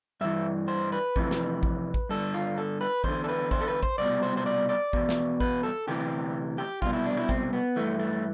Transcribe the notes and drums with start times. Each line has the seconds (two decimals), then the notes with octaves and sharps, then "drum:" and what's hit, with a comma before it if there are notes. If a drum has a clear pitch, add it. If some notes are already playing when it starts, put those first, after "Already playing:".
0.21 G2 E3 E5
0.68 C5
0.92 B4
1.16 F2 C3 E3, drum: kick A1
1.31 drum: snare
1.63 drum: kick A1
1.94 drum: kick A1
2.09 G2 D3 A4
2.34 F4
2.58 A4
2.81 B4
3.04 E2 D3 C5, drum: kick A1
3.24 A4
3.29 B4
3.51 C5, drum: kick A1
3.61 A4
3.68 B4
3.83 C5, drum: kick A1
3.98 C2 B2 D5
4.23 C5
4.37 C5
4.46 D5
4.69 D5
4.93 E2 B2, drum: kick A1
5.09 drum: snare
5.40 B4, drum: kick A1
5.63 A4
5.87 D2 C3 E3 G4
6.58 G4
6.82 C2 B2 F4, drum: kick A1
6.93 E4
7.06 D4
7.17 E4
7.29 C4, drum: kick A1
7.53 B3
7.76 G2 E3 A3
7.99 A3